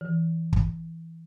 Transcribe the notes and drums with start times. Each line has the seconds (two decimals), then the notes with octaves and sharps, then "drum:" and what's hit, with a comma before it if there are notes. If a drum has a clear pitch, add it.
0.01 E3
0.53 drum: kick